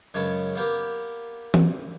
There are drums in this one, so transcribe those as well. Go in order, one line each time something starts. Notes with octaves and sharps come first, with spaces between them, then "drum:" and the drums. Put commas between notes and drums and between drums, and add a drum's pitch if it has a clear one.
F#2 C#3 G#3 B3 C#4 A5
A#3 B3 G4 A#4
drum: tom E3